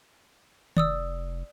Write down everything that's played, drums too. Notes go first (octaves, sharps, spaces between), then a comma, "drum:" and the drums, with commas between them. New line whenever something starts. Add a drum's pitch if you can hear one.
F1 D5 D#6 E6, drum: tom